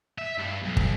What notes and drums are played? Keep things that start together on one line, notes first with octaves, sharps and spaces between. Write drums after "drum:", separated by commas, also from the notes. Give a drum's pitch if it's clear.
E5
G2
B1
drum: kick